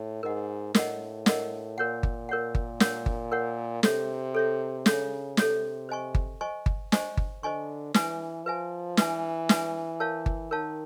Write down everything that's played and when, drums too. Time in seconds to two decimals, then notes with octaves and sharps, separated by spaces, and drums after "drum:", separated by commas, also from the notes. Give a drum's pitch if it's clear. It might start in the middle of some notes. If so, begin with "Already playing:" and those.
Already playing: A2
0.23 G#2 A#4 D#5 F#5
0.75 A2 A#4 D#5 F#5, drum: snare
1.26 A#4 D#5 F#5, drum: snare
1.78 A#2 A#4 C#5 F#5
2.03 drum: kick G1
2.29 A#4 C#5 F#5
2.55 drum: kick G1
2.80 A#4 C#5 F#5, drum: snare
3.06 drum: kick G1
3.31 A#4 C#5 F#5
3.83 C3 A4 C#5 E5, drum: snare
4.35 A4 C#5 E5
4.86 C#3 A4 C#5 E5, drum: snare
5.37 C3 A4 C#5 E5, drum: snare
5.89 C5 D#5 G#5 C#6
6.15 drum: kick G1
6.41 C5 D#5 G#5 C#6
6.66 drum: kick G1
6.92 C5 D#5 G#5 C#6, drum: snare
7.17 drum: kick G1
7.43 D3 C5 D#5 G#5 C#6
7.94 E3 B4 E5 G#5, drum: snare
8.46 F3 B4 E5 G#5
8.97 E3 B4 E5 G#5, drum: snare
9.49 B4 E5 G#5, drum: snare
10.00 A#4 C#5 F5 A5
10.26 drum: kick G1
10.51 D#3 A#4 C#5 F5 A5